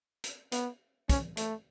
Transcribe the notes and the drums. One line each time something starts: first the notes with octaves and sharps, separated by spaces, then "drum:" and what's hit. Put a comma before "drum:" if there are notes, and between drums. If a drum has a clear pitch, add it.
drum: hi-hat
B3, drum: hi-hat
C#4, drum: kick, hi-hat
A3, drum: hi-hat